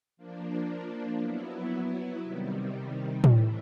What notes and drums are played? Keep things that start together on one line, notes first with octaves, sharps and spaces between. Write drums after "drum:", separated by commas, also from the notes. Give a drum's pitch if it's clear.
F3 A#3 D4
F#3 B3 E4
C3 D#3 G3
A2 E3 A3, drum: tom A2